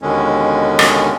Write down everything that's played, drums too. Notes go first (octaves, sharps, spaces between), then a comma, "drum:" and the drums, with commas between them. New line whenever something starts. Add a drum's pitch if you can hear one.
D#2 B2 D3 D#3 G#3 C#4
drum: rim click